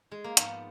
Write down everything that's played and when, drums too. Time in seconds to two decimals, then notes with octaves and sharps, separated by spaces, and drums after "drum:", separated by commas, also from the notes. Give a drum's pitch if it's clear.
0.12 G#3
0.24 A#3
0.37 G#2 F3 B3, drum: hi-hat